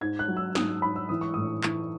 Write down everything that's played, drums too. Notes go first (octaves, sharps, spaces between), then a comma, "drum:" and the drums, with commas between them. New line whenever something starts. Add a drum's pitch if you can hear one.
G#2 G#6
F#6
F#3
E6
G#2 D#6, drum: snare
G#2 B5
E6
E3 D#6
C#6
A2 D#6
E3, drum: clap